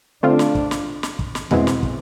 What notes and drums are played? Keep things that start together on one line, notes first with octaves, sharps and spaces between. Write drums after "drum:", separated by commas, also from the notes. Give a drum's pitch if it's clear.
D3 A3 C4 D4 F4
drum: snare
drum: kick
drum: snare
drum: snare
drum: kick
drum: snare
E2 B2 G#3 B3 C4 E4, drum: tom E2
drum: snare
drum: kick